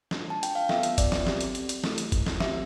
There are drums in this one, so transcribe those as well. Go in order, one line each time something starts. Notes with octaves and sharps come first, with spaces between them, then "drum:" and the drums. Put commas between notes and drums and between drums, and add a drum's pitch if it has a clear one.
A3 D4 F4 A4, drum: snare
A5
G5, drum: hi-hat
F5
B3 F4 A4 E5, drum: snare
drum: hi-hat
D5, drum: kick F#1, hi-hat
drum: snare
C4 G4, drum: snare
drum: hi-hat
drum: hi-hat
drum: hi-hat
A3 E4 A4, drum: snare
drum: hi-hat
drum: kick F#1, hi-hat
drum: snare
A3 C4 G4 E5, drum: snare